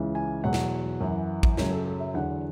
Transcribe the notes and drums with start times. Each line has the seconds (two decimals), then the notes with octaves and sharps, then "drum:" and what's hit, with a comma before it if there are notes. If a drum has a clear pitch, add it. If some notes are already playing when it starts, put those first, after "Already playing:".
Already playing: C#2 C#3 E3
0.15 G#5
0.43 E2 B2 F#3 F#5
0.53 drum: snare
1.00 F#2 E3
1.43 drum: kick A1
1.57 F#2 C#3 F#3 C#5, drum: snare
1.71 A4
1.85 A4
2.00 E5
2.14 E2 D3 F#3 F#5